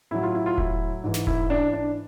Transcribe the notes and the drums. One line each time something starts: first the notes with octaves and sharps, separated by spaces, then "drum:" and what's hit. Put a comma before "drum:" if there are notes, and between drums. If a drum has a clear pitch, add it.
A2 F#3 E4
F4
E4
F4
E4, drum: kick E1
G#2 E3
drum: snare
E4, drum: kick E1
D4
D4